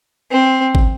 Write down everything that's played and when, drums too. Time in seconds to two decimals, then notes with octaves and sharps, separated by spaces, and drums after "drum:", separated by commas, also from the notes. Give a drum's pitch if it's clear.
0.31 C4
0.75 drum: kick